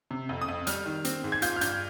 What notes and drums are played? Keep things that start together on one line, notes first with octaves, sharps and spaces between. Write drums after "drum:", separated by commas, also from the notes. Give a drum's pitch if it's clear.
C3
F2
D#6
F2
G3 F6, drum: hi-hat
D#3
C4, drum: hi-hat
G#2
G#6
F4 G6, drum: hi-hat
F6
G2 G6, drum: hi-hat